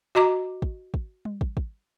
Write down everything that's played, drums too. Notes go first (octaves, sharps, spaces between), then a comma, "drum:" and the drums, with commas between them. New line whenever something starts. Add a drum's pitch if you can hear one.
F#4 D#5 A#5 D6
drum: kick
drum: kick
drum: tom G3
drum: kick
drum: kick